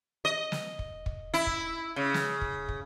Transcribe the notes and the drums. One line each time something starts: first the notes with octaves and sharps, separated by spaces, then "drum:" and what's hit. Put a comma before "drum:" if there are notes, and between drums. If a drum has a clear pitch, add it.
D#5
drum: snare
drum: kick
drum: kick
E4
drum: kick
C#3
drum: snare
drum: kick
drum: kick